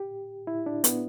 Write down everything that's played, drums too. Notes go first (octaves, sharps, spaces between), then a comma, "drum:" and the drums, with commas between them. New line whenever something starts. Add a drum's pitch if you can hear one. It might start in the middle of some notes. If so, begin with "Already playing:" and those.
Already playing: G4
E4
D4
B3, drum: hi-hat